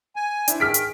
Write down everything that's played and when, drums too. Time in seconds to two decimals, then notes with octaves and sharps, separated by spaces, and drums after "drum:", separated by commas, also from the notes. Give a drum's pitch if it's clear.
0.16 G#5
0.48 D4 E4 C5, drum: hi-hat
0.60 D#3 G#4 F6 B6 D7
0.74 drum: hi-hat